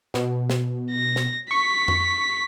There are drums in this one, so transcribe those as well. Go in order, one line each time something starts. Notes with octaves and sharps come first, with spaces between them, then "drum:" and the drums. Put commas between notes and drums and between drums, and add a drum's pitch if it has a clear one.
B2, drum: snare
drum: snare
A#6
drum: snare
C#6 B6
drum: tom F2